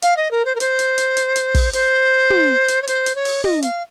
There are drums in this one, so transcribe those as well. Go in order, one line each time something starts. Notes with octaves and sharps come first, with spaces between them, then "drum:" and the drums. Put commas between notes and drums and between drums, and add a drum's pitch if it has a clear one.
F5, drum: hi-hat
D#5
A#4
C5
A#4
C5, drum: hi-hat
drum: hi-hat
drum: hi-hat
drum: hi-hat
drum: hi-hat
drum: kick, open hi-hat
C5, drum: hi-hat
drum: tom
drum: hi-hat
C#5
C5, drum: hi-hat
drum: hi-hat
C#5
drum: open hi-hat
D#5, drum: tom
F5, drum: hi-hat